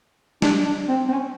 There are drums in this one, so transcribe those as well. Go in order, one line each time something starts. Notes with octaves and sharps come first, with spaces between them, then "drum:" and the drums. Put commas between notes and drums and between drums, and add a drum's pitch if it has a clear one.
D4, drum: snare
D4
C4
C4
C#4